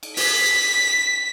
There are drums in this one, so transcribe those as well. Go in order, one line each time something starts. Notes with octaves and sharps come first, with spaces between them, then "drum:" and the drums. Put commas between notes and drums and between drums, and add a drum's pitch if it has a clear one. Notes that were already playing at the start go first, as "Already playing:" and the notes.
drum: cymbal
B6, drum: open hi-hat